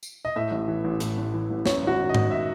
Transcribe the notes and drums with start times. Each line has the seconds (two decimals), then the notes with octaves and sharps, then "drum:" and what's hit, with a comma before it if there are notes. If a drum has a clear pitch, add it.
0.03 drum: tambourine
0.25 D#5
0.36 A2 E5
0.51 A1
0.68 E3
0.84 A1
1.00 A2, drum: hi-hat
1.17 A1
1.34 E3
1.50 A1
1.66 F#2 C#5, drum: snare
1.82 G#1
1.87 F#4
1.99 D#3
2.09 D#5
2.15 G#1, drum: tom G#2
2.31 E5